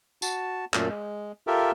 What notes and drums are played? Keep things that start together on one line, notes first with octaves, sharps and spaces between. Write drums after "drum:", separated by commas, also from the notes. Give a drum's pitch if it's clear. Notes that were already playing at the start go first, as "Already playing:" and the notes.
F#4 A5, drum: tambourine
F#2 A#2 A3 A4, drum: clap
G#3
F4 G4 A4 A#4 E5